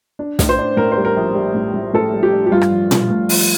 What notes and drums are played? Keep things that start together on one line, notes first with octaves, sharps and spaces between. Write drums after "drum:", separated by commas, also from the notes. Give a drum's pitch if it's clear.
D4
A2, drum: snare
C5
D4
A2 A#4
C5
G3
A#4
A#1
G3
A2
A2
A2 A4
G3
G4
D4
G4
G2 F4
drum: rim click
F3
G2, drum: tom A#2
A3
F3, drum: open hi-hat